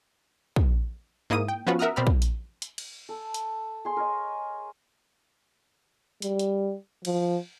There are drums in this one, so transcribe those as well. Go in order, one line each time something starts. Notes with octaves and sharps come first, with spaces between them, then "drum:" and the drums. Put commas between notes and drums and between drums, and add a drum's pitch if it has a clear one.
drum: kick
G#2 A#3 E4 D#6 D#7
G5
F3 B3 C#4 F4 F#4 B4
A#4 E5 F#5 A#5 D#6 F6
B2 C4 D5 B5 F6
drum: kick
drum: hi-hat
drum: hi-hat
drum: cymbal
A4
drum: hi-hat
G#4 C6
A#4 C#5 D#5
G3, drum: hi-hat
drum: hi-hat
F3, drum: cymbal